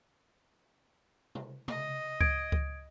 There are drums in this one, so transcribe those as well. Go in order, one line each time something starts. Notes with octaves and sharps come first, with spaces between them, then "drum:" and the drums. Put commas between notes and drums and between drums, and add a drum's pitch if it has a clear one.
drum: tom
D#5, drum: tom C3
D#6 G#6 D7, drum: kick C#2
drum: kick C#2